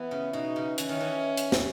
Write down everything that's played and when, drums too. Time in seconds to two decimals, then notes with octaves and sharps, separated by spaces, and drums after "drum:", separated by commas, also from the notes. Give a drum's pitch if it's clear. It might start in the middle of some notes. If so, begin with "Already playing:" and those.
Already playing: E3 B3
0.11 C#3
0.33 B2 D#4
0.56 C#3
0.78 E3 C#4, drum: hi-hat
0.89 D#3
1.00 E3
1.37 drum: hi-hat
1.52 drum: snare